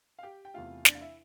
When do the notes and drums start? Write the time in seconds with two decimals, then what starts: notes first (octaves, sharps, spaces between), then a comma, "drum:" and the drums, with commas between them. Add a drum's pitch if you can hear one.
0.19 F5
0.23 G4 G5
0.45 G5
0.54 E2 C3 E3 A3 F4 F5
0.85 D4 D5, drum: snare
0.95 F5
1.01 E4 E5